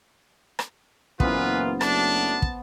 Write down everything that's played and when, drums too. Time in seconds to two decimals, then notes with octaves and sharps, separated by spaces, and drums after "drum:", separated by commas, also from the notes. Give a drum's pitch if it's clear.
0.59 drum: rim click
1.20 F#1 A#2 E3 B3 F4 B4 C5, drum: kick
1.81 F#3 A3 D4 A5, drum: rim click
2.42 drum: kick